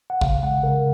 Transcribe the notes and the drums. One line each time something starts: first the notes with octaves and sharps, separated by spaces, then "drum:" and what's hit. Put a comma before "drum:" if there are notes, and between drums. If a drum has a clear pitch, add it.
F#5
C#3 F5, drum: kick
G#3 F#5
C#3 A#4